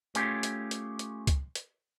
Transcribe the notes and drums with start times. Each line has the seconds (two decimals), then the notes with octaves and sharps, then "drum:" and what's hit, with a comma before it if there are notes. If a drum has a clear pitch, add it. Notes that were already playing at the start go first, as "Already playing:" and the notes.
0.15 A3 C#4 F4 G4 G#4, drum: hi-hat
0.43 drum: hi-hat
0.71 drum: hi-hat
0.99 drum: hi-hat
1.27 drum: kick C#2, hi-hat
1.55 drum: hi-hat